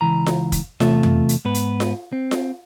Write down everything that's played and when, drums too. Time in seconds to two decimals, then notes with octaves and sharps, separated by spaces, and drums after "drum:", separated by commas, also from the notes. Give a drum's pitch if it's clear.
0.01 C#2 E3 A#5
0.26 drum: snare F4
0.52 drum: kick, hi-hat
0.80 E2 C3 A3 F4 A4 E5, drum: snare F4
1.03 drum: tom F2
1.29 drum: hi-hat
1.45 G#2 B3 B4
1.54 drum: hi-hat
1.80 drum: snare F4
2.13 C4
2.31 drum: snare F4